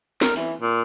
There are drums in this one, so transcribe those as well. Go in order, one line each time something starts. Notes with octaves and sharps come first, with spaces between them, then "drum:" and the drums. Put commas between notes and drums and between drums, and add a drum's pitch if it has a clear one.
A#4, drum: snare
E3, drum: open hi-hat
A#2